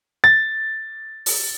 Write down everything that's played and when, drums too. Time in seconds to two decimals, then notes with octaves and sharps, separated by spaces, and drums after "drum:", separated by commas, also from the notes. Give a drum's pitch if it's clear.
0.24 A6
1.26 drum: open hi-hat